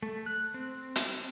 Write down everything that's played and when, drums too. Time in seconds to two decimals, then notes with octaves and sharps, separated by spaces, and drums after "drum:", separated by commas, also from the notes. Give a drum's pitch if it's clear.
0.03 A3
0.26 F#6
0.54 C4
0.96 drum: hi-hat